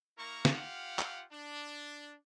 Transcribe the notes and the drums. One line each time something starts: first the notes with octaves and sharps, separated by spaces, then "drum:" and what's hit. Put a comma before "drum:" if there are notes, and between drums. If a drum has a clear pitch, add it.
A#3 E4 A#4 A#5 C#6
drum: snare
F4 G4 F5 F#5
drum: clap
D4